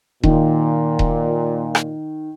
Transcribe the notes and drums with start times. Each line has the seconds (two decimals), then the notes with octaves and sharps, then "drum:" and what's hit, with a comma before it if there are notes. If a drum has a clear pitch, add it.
0.23 A#2 D#3, drum: kick D#1
0.99 drum: kick D#1
1.75 drum: rim click